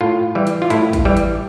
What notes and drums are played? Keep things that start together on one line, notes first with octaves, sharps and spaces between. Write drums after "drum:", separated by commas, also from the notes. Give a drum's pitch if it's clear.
A2 F4
E3 G3
drum: hi-hat
F4
A2 E4, drum: hi-hat
drum: kick, hi-hat
E3 G3
drum: hi-hat